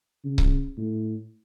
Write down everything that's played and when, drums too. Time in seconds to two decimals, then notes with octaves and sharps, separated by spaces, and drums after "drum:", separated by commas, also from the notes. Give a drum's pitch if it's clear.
0.24 C#3
0.38 drum: kick C#1
0.77 A2